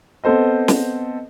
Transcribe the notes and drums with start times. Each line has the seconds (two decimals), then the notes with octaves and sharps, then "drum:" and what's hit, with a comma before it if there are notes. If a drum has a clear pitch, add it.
0.24 B3 C4 A4 C5 D#5
0.68 drum: snare